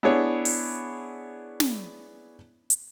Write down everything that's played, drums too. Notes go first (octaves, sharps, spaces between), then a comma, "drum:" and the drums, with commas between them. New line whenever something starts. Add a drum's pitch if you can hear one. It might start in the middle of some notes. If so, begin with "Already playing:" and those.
B3 D4 E4 G#4 C#5
drum: open hi-hat
drum: snare
drum: hi-hat